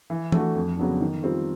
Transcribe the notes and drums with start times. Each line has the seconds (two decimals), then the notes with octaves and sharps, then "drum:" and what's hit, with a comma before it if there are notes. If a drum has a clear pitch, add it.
0.10 E3
0.32 A3 D4 F#4, drum: tom
0.55 F2
0.77 C#3 F#3 B3 D4
1.00 D#3
1.23 G3 C4 F4